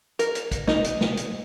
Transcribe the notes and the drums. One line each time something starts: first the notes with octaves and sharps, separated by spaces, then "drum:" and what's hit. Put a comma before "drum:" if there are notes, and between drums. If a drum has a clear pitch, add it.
A#4, drum: hi-hat
drum: hi-hat
drum: kick, hi-hat
D#4, drum: snare
drum: hi-hat
drum: snare
drum: hi-hat